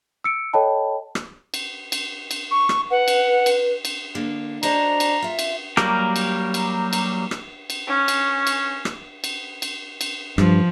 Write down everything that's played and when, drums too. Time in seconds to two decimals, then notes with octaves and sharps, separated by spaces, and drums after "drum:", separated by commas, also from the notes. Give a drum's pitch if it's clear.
0.24 E6 C#7 D7
0.53 A4 C#5 D#5 G5 A5 B5
1.15 drum: rim click
1.54 drum: cymbal
1.92 drum: cymbal
2.31 drum: cymbal
2.51 C#6
2.69 drum: rim click
2.91 B4 F#5
3.08 drum: cymbal
3.46 drum: cymbal
3.85 drum: cymbal
4.15 D3 A#3
4.63 D4 F#4 C5 D#5 A#5, drum: cymbal
5.00 drum: cymbal
5.22 F4 E5
5.39 drum: cymbal
5.77 F#3 G3 A#3 G4 A#4, drum: rim click
6.16 drum: cymbal
6.54 drum: cymbal
6.93 drum: cymbal
7.31 drum: rim click
7.70 drum: cymbal
7.88 C#4
8.08 drum: cymbal
8.47 drum: cymbal
8.85 drum: rim click
9.24 drum: cymbal
9.62 drum: cymbal
10.01 drum: cymbal
10.38 G2 F3, drum: rim click